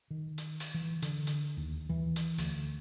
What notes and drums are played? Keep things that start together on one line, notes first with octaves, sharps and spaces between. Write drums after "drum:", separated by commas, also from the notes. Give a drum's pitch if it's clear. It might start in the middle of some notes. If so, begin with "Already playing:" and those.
D#3
drum: hi-hat
drum: open hi-hat
E3
D3, drum: hi-hat
drum: hi-hat
D#2
E3
drum: hi-hat
D2, drum: open hi-hat